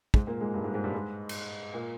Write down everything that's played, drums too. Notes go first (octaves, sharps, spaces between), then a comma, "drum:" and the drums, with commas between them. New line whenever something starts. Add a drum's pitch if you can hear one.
G#2 G#3, drum: kick
A#2 A#3
G#2 G#3
G2 G3
G#2 G#3
G#2 G#3
G2 G3
G#2 G#3
drum: cymbal
A#2 A#3